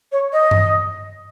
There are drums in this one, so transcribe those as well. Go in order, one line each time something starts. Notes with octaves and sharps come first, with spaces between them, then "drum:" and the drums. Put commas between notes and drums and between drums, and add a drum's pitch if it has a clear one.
C#5
D#5
drum: tom G2